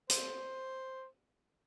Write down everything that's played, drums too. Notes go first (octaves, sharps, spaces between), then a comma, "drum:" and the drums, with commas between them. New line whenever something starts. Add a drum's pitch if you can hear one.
C5, drum: hi-hat